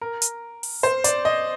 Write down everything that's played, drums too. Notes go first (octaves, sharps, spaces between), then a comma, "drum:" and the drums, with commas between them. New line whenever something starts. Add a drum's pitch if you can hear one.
A#4
drum: hi-hat
drum: open hi-hat
C5
D5, drum: hi-hat
D#5